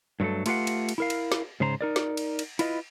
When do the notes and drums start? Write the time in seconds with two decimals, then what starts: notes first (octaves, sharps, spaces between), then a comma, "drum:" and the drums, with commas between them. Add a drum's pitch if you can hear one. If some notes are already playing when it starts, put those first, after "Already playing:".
0.20 G2 F#3 A3 A4
0.46 A3 F4 G4 B4 F5 F#5, drum: cymbal
0.67 drum: cymbal
0.89 drum: cymbal
0.98 E4 A#4 F5
1.10 drum: cymbal
1.32 drum: snare
1.60 G#2 C#3 C5 A#5
1.81 D#4 A#4 D5
1.96 drum: snare
2.17 drum: cymbal
2.39 drum: cymbal
2.59 E4 F4 B4 D#5, drum: cymbal